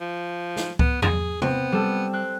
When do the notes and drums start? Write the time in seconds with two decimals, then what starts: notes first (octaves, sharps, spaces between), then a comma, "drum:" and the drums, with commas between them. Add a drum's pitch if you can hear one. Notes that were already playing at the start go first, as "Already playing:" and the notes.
0.01 F3
0.57 drum: snare
0.79 B3, drum: kick C#2
1.02 G#4, drum: tom E2
1.42 B3 C4, drum: tom C3
1.72 G3 A4
2.13 C4 F#6